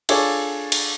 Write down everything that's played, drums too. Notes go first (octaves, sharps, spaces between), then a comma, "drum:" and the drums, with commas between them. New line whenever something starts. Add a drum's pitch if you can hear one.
D4 F4 G#4 A4 C#5 D5, drum: cymbal
drum: cymbal